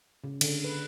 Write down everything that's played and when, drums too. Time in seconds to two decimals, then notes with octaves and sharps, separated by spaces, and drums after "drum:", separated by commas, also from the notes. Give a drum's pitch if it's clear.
0.24 C#3
0.41 D3, drum: cymbal
0.64 B4